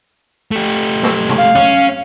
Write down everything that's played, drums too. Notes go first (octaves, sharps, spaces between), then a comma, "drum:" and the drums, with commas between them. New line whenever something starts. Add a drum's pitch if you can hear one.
A3 G4
drum: snare
drum: tom C3
F5
C#4, drum: tom